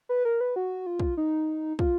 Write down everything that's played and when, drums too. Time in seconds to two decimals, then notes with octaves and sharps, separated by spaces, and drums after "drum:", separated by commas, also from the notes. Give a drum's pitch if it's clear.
0.09 B4
0.25 A#4
0.41 B4
0.56 F#4
0.86 F4
1.00 drum: kick
1.17 D#4
1.79 F4, drum: kick